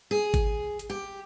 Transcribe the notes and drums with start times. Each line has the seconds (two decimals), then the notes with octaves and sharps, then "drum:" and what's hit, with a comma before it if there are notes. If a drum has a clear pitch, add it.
0.11 G#4
0.34 drum: kick G#1, hi-hat
0.79 drum: hi-hat
0.90 G4